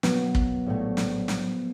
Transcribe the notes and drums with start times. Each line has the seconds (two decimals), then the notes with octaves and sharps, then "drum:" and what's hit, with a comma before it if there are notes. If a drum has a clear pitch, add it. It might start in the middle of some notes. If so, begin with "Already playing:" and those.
0.03 B2 F#3 A#3 B3, drum: snare
0.35 drum: kick
0.66 A#1 A2 F#3 A3
0.97 drum: snare
1.28 drum: snare